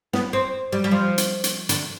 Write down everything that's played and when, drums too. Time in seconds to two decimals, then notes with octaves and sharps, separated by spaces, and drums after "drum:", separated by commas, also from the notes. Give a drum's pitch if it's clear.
0.13 B3, drum: snare
0.33 C4
0.72 G3
0.84 G3
0.91 F3
1.18 drum: hi-hat
1.44 drum: hi-hat
1.69 D3, drum: hi-hat